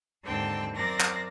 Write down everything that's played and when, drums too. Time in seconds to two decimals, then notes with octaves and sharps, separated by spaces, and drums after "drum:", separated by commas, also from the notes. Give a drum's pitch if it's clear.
0.23 D#2 G#2 D3 C4 G5 A5
0.74 F#2 C4 A#4 D5 A#6
1.00 drum: clap